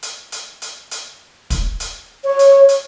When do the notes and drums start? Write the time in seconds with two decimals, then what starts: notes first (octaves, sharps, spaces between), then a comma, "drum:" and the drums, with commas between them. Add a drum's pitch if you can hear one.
0.03 drum: hi-hat
0.32 drum: hi-hat
0.62 drum: hi-hat
0.91 drum: hi-hat
1.50 drum: kick, hi-hat
1.80 drum: hi-hat
2.24 C#5
2.39 drum: hi-hat
2.69 drum: hi-hat